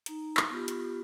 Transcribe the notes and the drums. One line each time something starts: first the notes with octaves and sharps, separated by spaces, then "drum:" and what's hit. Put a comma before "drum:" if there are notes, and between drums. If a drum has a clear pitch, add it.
D#4 A#5, drum: hi-hat
drum: clap
B3 F4 G4
drum: hi-hat